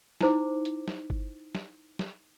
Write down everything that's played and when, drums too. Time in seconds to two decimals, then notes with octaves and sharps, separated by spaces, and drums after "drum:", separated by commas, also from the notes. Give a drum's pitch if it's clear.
0.21 D#4 E4 C5 D6, drum: snare
0.65 drum: hi-hat
0.88 drum: snare
1.10 drum: kick G1
1.55 drum: snare
1.99 drum: snare